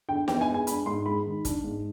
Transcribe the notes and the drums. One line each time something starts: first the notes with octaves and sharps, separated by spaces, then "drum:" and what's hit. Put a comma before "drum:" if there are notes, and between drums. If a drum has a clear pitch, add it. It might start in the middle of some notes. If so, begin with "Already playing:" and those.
D3 G5
B3 G5, drum: snare
G#5
G#3
G#5
D4 B5, drum: hi-hat
G#2 C6
G#3 B5
D#3
D4, drum: kick, hi-hat
G#2